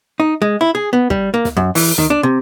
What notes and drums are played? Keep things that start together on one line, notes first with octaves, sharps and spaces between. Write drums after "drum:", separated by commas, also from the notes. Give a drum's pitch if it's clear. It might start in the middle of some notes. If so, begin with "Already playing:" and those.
D#4
G#3
E4
G#4
B3
G3, drum: kick
A#3
drum: snare
F#2
E3, drum: open hi-hat
D#3, drum: snare
D4
C3